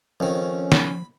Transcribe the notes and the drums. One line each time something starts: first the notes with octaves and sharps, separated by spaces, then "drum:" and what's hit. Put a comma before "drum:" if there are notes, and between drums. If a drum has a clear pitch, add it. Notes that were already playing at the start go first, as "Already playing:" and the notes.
F2 D#3 F3 C#4
B5, drum: snare